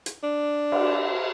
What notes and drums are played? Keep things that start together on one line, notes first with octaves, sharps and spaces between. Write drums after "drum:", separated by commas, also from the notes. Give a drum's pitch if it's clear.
drum: hi-hat
D4
drum: cymbal